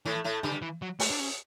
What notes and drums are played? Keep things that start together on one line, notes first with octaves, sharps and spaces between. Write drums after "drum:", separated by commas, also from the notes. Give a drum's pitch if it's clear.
A2 E3 A3
A2 A3
G2 D3 G3
E3
F#3
A3, drum: open hi-hat
D4
C#4